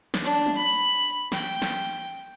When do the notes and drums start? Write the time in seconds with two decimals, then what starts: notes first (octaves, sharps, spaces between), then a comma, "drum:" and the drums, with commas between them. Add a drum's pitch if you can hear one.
0.14 drum: snare
0.23 D4
0.46 drum: tom
0.57 B5
1.32 G5, drum: snare
1.62 drum: snare